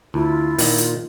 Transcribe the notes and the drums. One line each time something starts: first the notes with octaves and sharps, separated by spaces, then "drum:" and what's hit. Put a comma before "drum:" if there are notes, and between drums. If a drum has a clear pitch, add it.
D2 E4 F4
A#2 D#3, drum: open hi-hat
drum: hi-hat